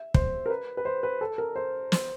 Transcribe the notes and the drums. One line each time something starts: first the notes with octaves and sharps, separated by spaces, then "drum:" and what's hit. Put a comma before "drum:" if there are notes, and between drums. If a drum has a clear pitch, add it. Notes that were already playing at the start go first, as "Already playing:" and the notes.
Already playing: E5
C5, drum: kick
A#4
B4
B4
C5
B4
A4
A#4
C5
C5, drum: snare